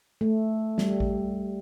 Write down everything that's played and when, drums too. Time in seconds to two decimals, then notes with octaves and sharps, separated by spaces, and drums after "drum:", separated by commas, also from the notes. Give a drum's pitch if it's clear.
0.21 A3
0.78 G3, drum: snare
1.00 drum: kick A1